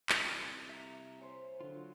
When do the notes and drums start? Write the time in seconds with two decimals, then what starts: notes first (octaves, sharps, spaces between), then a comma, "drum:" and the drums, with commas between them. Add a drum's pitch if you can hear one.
0.09 drum: clap
0.24 C2
0.69 E5 A#5
1.19 C5 C#5 G#5
1.60 D3 F#3 F4